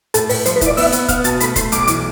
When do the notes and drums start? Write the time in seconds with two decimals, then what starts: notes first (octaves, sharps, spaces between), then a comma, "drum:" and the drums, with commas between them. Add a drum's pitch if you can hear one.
0.14 A2 A4, drum: hi-hat
0.29 A2 B4, drum: open hi-hat
0.46 F3 C5, drum: hi-hat
0.56 B4
0.61 E4, drum: kick F1, hi-hat
0.66 D5
0.77 B3 E5, drum: open hi-hat
0.92 B3, drum: hi-hat
1.08 B3 F5, drum: kick F1, hi-hat
1.24 B2 A5, drum: hi-hat
1.40 A3 B5, drum: hi-hat
1.56 A3 C6, drum: kick F1, hi-hat
1.72 B1 D6, drum: hi-hat
1.87 E3, drum: hi-hat